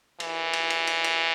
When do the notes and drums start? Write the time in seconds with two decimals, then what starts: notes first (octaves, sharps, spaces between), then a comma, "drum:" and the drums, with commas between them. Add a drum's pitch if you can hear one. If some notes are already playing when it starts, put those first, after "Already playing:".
0.20 E3, drum: cymbal
0.53 drum: cymbal
0.70 drum: cymbal
0.87 drum: cymbal
1.04 drum: cymbal